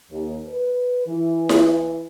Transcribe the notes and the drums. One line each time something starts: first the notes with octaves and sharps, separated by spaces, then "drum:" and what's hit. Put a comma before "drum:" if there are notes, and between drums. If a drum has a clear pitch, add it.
D#2
B4
E3
drum: snare E4